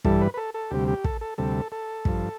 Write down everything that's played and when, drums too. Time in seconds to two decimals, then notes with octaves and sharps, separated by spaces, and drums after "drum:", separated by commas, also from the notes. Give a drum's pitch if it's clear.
0.05 G2 E3 G3 A4, drum: kick
0.22 B4
0.34 B4
0.37 A4
0.54 A4
0.71 D2 C3 G3 G4
0.88 G4
1.04 A4, drum: kick
1.21 A4
1.38 D2 C3 G3 A4
1.72 A4
2.05 G2 F3, drum: kick